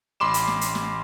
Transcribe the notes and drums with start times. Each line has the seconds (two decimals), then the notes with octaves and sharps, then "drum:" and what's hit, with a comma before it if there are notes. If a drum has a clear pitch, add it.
0.20 A1 B5 C6 D6 E7
0.34 drum: hi-hat
0.48 drum: snare
0.61 drum: hi-hat
0.75 drum: snare